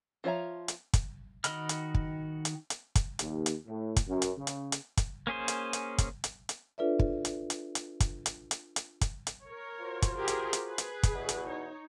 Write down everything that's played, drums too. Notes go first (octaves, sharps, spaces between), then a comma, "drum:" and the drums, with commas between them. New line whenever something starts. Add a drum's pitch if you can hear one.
F3 F4 C#5 E5 A#5
drum: hi-hat
drum: kick, hi-hat
D#3 F#4 D#5 B5 F6, drum: hi-hat
drum: hi-hat
drum: kick
drum: hi-hat
drum: hi-hat
drum: kick, hi-hat
D#2, drum: hi-hat
drum: hi-hat
A2
drum: kick, hi-hat
F#2
drum: hi-hat
C#3
drum: hi-hat
drum: hi-hat
drum: kick, hi-hat
A#3 C#4 G#4 C5
drum: hi-hat
drum: hi-hat
drum: kick, hi-hat
drum: hi-hat
drum: hi-hat
D4 F4 A4 B4 D5 E5
drum: kick
drum: hi-hat
drum: hi-hat
drum: hi-hat
drum: kick, hi-hat
drum: hi-hat
drum: hi-hat
drum: hi-hat
drum: kick, hi-hat
drum: hi-hat
A#4 C#5
F4 F#4 C5
drum: kick, hi-hat
G4 G#4 A#4
drum: hi-hat
drum: hi-hat
G#4 B4
drum: hi-hat
drum: kick, hi-hat
E2 B2
drum: hi-hat
D#4 C#5